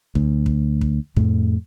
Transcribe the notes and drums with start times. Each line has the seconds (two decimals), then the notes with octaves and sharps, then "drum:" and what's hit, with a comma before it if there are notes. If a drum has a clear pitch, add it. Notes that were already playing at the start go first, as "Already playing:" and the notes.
0.15 D2, drum: kick
0.46 drum: kick
0.81 drum: kick
1.16 F2 A2 A3, drum: kick